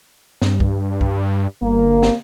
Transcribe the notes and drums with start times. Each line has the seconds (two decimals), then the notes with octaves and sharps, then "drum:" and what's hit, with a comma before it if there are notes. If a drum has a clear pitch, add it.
0.42 G2, drum: snare
0.60 drum: kick
1.01 drum: kick
1.62 G1 A#3
2.02 drum: snare